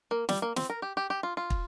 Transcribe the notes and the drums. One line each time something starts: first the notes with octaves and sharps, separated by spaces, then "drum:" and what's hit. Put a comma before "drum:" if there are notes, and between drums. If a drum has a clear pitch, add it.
A#3
G3, drum: snare
A#3
C4, drum: snare
A#4
G4
G4
G4
F4
F4
drum: kick